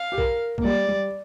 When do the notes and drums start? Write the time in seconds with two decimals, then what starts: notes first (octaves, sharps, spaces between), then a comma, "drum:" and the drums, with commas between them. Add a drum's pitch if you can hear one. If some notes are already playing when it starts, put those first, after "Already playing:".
Already playing: F5
0.12 G4
0.18 A#4, drum: kick B1
0.58 A#3, drum: kick B1
0.64 G3 D5
0.88 G3